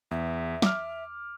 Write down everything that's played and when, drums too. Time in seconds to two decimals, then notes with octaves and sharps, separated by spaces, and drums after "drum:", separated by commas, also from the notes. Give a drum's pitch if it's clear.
0.11 E2 E5
0.62 D6 F6, drum: snare